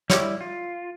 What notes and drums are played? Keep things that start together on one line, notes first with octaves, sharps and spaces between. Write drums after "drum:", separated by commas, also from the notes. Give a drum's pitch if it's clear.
G3 E4 C#5 D6, drum: snare
F4